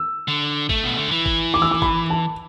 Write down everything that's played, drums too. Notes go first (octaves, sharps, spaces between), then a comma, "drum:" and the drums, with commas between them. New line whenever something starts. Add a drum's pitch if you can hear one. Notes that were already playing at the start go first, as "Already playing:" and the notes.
Already playing: E6
D3
A3, drum: kick
B2
D3
E3
drum: kick
D6
E6
D6
B5, drum: kick
A5